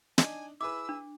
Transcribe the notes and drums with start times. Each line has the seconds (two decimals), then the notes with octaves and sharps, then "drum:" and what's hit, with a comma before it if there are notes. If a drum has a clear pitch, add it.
0.18 D4 D#4 G#5, drum: snare
0.61 E4 G#4 B4 D6 E6
0.89 D4